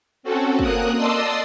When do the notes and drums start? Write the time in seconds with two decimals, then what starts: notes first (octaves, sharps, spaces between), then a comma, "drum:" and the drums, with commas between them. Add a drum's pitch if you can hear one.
0.23 C4 C#4 F#4 A4
0.59 A#3 A#4 D#6 F#6, drum: kick
0.96 D5 D#5 A5 C6 D#6 E6